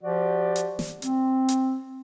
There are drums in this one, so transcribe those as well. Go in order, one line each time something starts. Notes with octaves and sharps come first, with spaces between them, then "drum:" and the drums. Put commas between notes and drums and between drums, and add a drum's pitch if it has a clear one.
F3 F#4 G4 D5
drum: hi-hat
drum: snare
C4, drum: hi-hat
drum: hi-hat